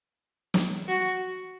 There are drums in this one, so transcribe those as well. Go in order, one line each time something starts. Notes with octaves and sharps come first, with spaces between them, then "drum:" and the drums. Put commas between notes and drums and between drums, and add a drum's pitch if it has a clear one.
drum: snare
F#4